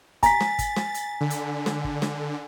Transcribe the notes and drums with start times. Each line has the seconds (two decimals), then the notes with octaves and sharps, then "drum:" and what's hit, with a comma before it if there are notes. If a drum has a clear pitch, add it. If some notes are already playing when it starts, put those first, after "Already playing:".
0.23 G#5 A#5 A6 B6, drum: kick, hi-hat
0.41 drum: snare
0.59 drum: kick, hi-hat
0.76 drum: snare
0.94 drum: hi-hat
1.21 D3
1.30 drum: hi-hat
1.66 drum: snare
1.84 drum: kick
2.02 drum: snare